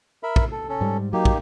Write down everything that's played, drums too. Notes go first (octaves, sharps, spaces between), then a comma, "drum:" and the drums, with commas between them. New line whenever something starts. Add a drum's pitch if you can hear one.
A#4 E5 B5
drum: kick
A4
C#4 A4
G#2 G3
F#3 A#3 D#4 G4
drum: kick